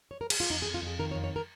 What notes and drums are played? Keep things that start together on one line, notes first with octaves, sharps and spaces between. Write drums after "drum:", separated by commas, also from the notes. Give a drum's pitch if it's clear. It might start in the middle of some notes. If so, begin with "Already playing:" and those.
C#5
A#4
G#4, drum: cymbal
F4
F2 D#4
G#4
F2
F4
F2 G#4
D#3 A#4
C#5
F2
C#5
A#4